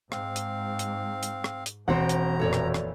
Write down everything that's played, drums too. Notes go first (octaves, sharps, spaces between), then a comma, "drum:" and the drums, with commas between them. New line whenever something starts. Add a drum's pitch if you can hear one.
G#2 C4 F5, drum: rim click
drum: hi-hat
drum: hi-hat
drum: hi-hat
drum: rim click
drum: hi-hat
E1 F3 C4 C5 F#5 A#5
drum: hi-hat
F2 A#2 E3 A4 C#5 D5
drum: rim click
drum: rim click